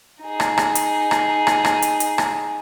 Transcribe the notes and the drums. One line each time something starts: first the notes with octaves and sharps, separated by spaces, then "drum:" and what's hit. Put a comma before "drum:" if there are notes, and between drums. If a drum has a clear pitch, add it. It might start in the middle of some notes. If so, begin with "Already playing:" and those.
D#4 G#4
drum: rim click
drum: rim click
drum: hi-hat
drum: rim click
drum: rim click
drum: rim click
drum: hi-hat
drum: hi-hat
drum: rim click